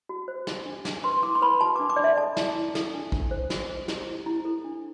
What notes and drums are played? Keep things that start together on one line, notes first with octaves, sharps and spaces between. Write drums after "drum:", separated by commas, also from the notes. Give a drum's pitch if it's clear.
F#4
C5
G4, drum: snare
D4
D4, drum: snare
B4 C6
E4 D6
C6
B4 B5
F#4 A5
D4 D6
D6
D4 D5
E5
A4 A5
E4, drum: snare
E4
A4, drum: snare
D4
D4, drum: kick
C5
F#4, drum: snare
C5
G4, drum: snare
E4
E4
A4
D4